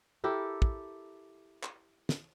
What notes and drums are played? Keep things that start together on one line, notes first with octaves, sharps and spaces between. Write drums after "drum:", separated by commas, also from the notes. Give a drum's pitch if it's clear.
E4 G4 A4 A#4
drum: kick
drum: clap
drum: snare